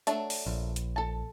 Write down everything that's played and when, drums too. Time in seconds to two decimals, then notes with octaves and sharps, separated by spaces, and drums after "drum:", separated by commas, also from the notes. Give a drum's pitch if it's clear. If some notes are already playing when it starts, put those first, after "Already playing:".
0.07 F#3 A3 D4, drum: hi-hat
0.30 drum: open hi-hat
0.46 A#1
0.76 drum: hi-hat
0.96 A4 A5